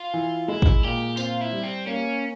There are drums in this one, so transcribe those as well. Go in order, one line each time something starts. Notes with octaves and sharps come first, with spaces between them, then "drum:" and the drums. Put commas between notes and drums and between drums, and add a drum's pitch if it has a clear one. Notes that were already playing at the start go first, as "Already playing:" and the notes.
Already playing: F4
E3
G#3 E4
drum: kick
A#2 G4
C4 F4, drum: tambourine
E4
G3
C4
A#3 C#4